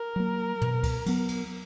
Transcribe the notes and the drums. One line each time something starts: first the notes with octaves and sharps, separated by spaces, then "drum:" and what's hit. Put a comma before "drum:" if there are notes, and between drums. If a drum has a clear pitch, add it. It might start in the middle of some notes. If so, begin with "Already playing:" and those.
Already playing: A#4
F#3 A#3
B2, drum: tom
drum: kick C#2, cymbal
F#3 B3, drum: cymbal
drum: cymbal